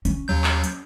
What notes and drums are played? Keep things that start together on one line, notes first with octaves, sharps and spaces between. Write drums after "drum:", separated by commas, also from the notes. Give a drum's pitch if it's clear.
C#4, drum: hi-hat
D#2 F#3 G6
drum: clap
drum: hi-hat